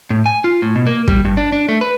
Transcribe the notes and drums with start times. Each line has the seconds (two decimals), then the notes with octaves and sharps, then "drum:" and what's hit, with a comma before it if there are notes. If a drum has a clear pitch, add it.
0.10 A2
0.26 G#5
0.44 F4
0.62 A2
0.75 B2
0.87 A#3
1.08 G3, drum: kick
1.25 G2
1.37 D4
1.52 D4
1.69 A3
1.81 B4